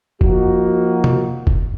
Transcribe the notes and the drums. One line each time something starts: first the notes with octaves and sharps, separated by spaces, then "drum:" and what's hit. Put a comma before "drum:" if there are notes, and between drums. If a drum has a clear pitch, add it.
F3 A#3 D#4 F#4, drum: kick
drum: tom
drum: kick